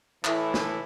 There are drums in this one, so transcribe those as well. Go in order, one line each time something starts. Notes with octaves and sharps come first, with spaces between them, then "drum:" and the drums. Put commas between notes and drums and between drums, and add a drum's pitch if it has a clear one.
A2 E3 A3 E4, drum: clap
drum: snare